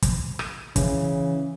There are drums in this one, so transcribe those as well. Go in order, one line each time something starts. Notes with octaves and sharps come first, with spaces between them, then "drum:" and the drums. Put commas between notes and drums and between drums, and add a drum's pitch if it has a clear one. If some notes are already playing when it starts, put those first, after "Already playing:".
drum: kick, hi-hat
drum: rim click
C#3 E3, drum: kick, hi-hat